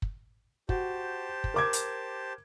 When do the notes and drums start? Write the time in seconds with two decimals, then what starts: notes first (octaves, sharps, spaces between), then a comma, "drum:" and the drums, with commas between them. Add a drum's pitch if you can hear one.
0.02 drum: kick
0.69 F#4 G4 C5 A5, drum: kick
1.44 drum: kick
1.54 A#4 D6 G#6
1.73 drum: hi-hat